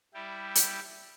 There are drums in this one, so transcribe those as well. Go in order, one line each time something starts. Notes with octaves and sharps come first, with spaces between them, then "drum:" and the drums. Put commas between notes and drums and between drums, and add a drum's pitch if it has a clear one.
G3 E4 G4
drum: hi-hat